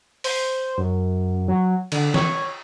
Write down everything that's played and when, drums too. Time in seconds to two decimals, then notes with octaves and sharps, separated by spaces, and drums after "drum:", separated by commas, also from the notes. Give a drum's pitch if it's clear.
0.24 C5, drum: open hi-hat
0.78 F#2
1.48 F#3
1.92 D3, drum: cymbal
2.14 C#5, drum: snare